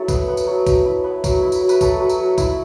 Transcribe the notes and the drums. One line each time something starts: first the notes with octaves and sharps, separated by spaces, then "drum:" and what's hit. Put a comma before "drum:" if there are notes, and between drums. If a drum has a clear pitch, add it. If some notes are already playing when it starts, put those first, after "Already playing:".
Already playing: F#3 E4 A4
B3, drum: kick, tambourine
B3
drum: tambourine
F#3
F#3, drum: kick, tambourine
E4
B3
F#3, drum: kick, tambourine
E4
drum: tambourine
F#3
B4, drum: tambourine
F#3 A4, drum: kick, tambourine
F#3
drum: tambourine
F#3
E4, drum: kick, tambourine